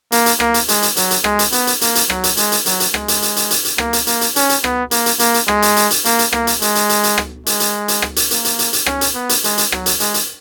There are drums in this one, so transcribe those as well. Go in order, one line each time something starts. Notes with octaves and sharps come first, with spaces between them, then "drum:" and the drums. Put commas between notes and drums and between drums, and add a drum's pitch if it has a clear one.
A#3, drum: hi-hat
drum: hi-hat
A#3, drum: rim click
drum: hi-hat
G#3, drum: hi-hat
drum: hi-hat
F#3, drum: hi-hat
drum: hi-hat
G#3, drum: rim click
drum: hi-hat
B3, drum: hi-hat
drum: hi-hat
A#3, drum: hi-hat
drum: hi-hat
F#3, drum: rim click
drum: hi-hat
G#3, drum: hi-hat
drum: hi-hat
F#3, drum: hi-hat
drum: hi-hat
G#3, drum: rim click
drum: hi-hat
drum: hi-hat
drum: hi-hat
drum: hi-hat
drum: hi-hat
A#3, drum: rim click
drum: hi-hat
A#3, drum: hi-hat
drum: hi-hat
C#4, drum: hi-hat
drum: hi-hat
B3, drum: rim click
A#3, drum: hi-hat
drum: hi-hat
A#3, drum: hi-hat
drum: hi-hat
G#3, drum: rim click
drum: hi-hat
drum: hi-hat
drum: hi-hat
A#3, drum: hi-hat
drum: hi-hat
A#3, drum: rim click
drum: hi-hat
G#3, drum: hi-hat
drum: hi-hat
drum: hi-hat
drum: hi-hat
drum: rim click
G#3, drum: hi-hat
drum: hi-hat
drum: hi-hat
drum: rim click
drum: hi-hat
A#3, drum: hi-hat
drum: hi-hat
drum: hi-hat
drum: hi-hat
C#4, drum: rim click
drum: hi-hat
B3
drum: hi-hat
G#3, drum: hi-hat
drum: hi-hat
F#3, drum: rim click
drum: hi-hat
G#3, drum: hi-hat
drum: hi-hat